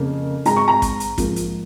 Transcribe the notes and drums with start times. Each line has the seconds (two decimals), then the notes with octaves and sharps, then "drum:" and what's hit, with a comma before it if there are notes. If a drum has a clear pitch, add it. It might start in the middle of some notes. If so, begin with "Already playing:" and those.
Already playing: F2 C#3 A#3
0.45 G#2 G#3 A#5, drum: hi-hat
0.56 C#6
0.68 A#5
0.82 drum: kick, hi-hat
1.00 drum: hi-hat
1.18 G#2 F3 A#3, drum: kick, hi-hat
1.36 drum: hi-hat